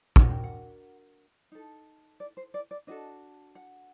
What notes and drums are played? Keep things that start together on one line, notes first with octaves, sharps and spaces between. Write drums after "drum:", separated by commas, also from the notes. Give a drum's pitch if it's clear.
D4 F#4 A#4 F#5, drum: kick
G5
F#5
D#4 A4
D5
C5
D5
D5
D4 F#4 A4 D#5
F#5